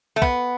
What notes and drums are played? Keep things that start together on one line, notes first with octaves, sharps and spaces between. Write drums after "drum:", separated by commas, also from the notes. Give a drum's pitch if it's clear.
A3
B3, drum: kick